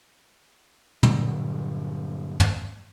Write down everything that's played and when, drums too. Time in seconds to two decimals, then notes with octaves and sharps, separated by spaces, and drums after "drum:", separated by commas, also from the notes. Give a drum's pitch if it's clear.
1.03 G2 A#2 D3 F#3, drum: tom
2.40 drum: tom